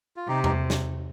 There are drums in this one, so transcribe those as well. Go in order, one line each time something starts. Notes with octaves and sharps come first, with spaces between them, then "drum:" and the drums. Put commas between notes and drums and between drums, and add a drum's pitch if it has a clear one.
F4
C3 D#4 G4
D#4, drum: tom E2
drum: snare